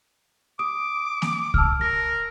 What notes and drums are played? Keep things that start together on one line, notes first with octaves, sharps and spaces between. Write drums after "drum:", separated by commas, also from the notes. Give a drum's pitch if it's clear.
D6 D#6 D7
drum: snare A#3
A5 E6 F6, drum: kick C2
A#4 A#6